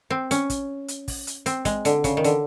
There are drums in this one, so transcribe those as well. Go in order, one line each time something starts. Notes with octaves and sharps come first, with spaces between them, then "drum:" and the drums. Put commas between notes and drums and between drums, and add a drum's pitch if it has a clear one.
C4
C#4, drum: hi-hat
drum: kick, hi-hat
drum: hi-hat
drum: kick, open hi-hat
drum: hi-hat
C4, drum: hi-hat
G#3, drum: kick, hi-hat
D3, drum: hi-hat
C#3, drum: kick, hi-hat
D#3
D3, drum: hi-hat